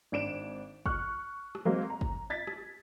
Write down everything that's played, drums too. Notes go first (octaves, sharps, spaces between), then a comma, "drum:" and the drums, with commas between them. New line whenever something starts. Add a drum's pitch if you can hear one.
G#1 D4 D7 E7
C#6 F6 F#6, drum: kick
drum: rim click
F#3 G#3 A#3 C4
A#5
drum: kick
G#6 A6 B6
drum: rim click